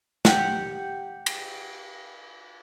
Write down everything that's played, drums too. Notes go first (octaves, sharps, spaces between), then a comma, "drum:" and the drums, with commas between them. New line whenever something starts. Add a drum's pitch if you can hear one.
G4 F#5, drum: snare
drum: cymbal